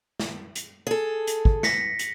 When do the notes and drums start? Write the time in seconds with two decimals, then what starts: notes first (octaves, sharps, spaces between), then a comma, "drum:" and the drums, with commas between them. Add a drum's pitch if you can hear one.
0.20 drum: snare
0.55 drum: hi-hat
0.87 G#4 A4
1.27 drum: hi-hat
1.45 drum: kick
1.63 A#6 B6 C#7, drum: snare
1.99 drum: hi-hat